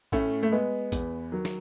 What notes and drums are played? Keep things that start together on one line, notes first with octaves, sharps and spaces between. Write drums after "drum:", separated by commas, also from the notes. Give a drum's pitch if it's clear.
A2 A3 C#4, drum: kick A1
A3
G#3 B3
E2, drum: kick A1, hi-hat
D#3 F#3
drum: snare